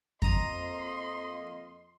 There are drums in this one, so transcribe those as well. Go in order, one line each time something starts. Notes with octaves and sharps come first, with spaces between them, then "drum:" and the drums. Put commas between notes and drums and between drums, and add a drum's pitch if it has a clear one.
F2 A#3 D#5 A#5 C6 D#6, drum: kick F2